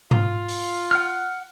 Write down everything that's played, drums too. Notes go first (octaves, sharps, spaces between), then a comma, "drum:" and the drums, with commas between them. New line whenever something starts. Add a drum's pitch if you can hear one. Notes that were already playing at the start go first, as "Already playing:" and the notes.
F4, drum: tom G#2
drum: open hi-hat
F#5 F6